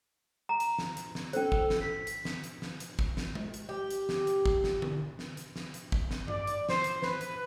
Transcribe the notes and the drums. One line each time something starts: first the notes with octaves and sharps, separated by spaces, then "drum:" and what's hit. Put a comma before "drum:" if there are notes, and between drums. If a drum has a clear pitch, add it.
A#5
drum: hi-hat
drum: snare
drum: hi-hat
drum: snare
C#4 A4 C5, drum: hi-hat
drum: kick
drum: snare
B6
drum: hi-hat
drum: snare
drum: hi-hat
drum: snare
drum: hi-hat
drum: kick
drum: snare
drum: tom G#3
drum: hi-hat
G4
drum: hi-hat
drum: snare
drum: hi-hat
drum: kick
drum: snare
drum: tom D3
drum: snare
drum: hi-hat
drum: snare
drum: hi-hat
drum: kick
drum: snare
D5, drum: tom G2
drum: hi-hat
C5, drum: snare
drum: hi-hat
B4, drum: snare
drum: hi-hat